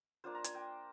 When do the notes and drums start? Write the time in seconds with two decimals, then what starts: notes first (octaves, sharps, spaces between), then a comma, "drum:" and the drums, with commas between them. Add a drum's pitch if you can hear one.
0.24 A#3 D4 F4 C5
0.35 A#5
0.44 G#5, drum: hi-hat
0.55 G5